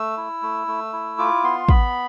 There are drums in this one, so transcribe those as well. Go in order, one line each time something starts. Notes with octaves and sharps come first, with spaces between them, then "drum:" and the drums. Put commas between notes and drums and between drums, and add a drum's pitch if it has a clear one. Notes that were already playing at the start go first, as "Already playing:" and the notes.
Already playing: A3 E6
E4
A3
A3
E4
F4 D6
B3 C6
B3 B5, drum: kick